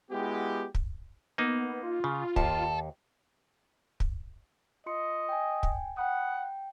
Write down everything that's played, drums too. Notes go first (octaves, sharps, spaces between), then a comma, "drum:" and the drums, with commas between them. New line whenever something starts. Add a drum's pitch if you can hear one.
G#3 B3 E4 F#4 G4
drum: kick
A#3 B3 D#4
F4
C#3
D#2 A4, drum: kick
drum: kick
F4 D#5 C6 C#7
G5 G#5
drum: kick
F#5 G5 B5 D#6
G5